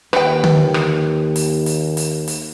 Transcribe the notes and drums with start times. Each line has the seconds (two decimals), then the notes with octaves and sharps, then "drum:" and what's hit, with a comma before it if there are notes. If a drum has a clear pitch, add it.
0.13 D#2 B4 G5, drum: rim click
0.44 drum: tom D3
0.74 drum: rim click
1.36 drum: hi-hat
1.66 drum: hi-hat
1.97 drum: hi-hat
2.28 drum: hi-hat